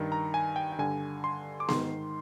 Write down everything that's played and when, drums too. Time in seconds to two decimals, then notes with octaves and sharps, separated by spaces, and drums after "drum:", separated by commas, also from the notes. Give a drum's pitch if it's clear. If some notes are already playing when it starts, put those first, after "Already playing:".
Already playing: G2 D#3
0.12 A#5
0.34 G#5
0.56 G5
0.72 G5
0.79 G2 D3 G#5
1.24 C6
1.60 D6
1.69 G#2 D#3 C6, drum: snare B3